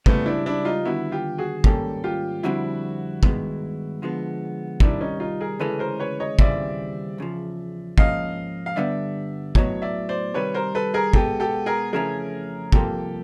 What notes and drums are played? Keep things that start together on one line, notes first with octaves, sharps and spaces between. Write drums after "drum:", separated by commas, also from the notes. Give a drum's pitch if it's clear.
C#2 C#3 E3 G3 A3 B3 C4, drum: kick
D4 E4
D4 E4
D#4 F4
D#2 D3 G3 B3 E4 F#4
F4 G4
F#4 G#4
G#2 D#3 G3 A#3 C#4 G4 A4, drum: kick
F4 G4
F2 D3 G3 C4 E4 F#4
G2 D#3 G#3 B3, drum: kick
D3 F3 G#3 B3
C3 D#3 G3 D4 E4, drum: kick
C#4 D#4
D#4 F4
G#4 A#4
D2 C#3 E3 G#3 C#4 A4 B4
A#4 C5
B4 C#5
C#5 D#5
D#2 C#3 E3 G3 C4 D5 E5, drum: kick
E2 C#3 F3
G#2 F3 A#3 C#4 D#5 F5, drum: kick
F5
G2 D3 G3 B3 D5 E5
A2 F#3 B3 C#5 D#5, drum: kick
D5 E5
C5 D5
C2 C3 D#3 G3 B4 C#5
A#4 C5
A4 B4
G#4 A#4
B2 G#3 B3 G4 A4, drum: kick
G4 A4
G#4 A#4
F2 C#3 E3 A3 C#4 G#4 A#4
C2 C3 F3 A#3 G4 A4, drum: kick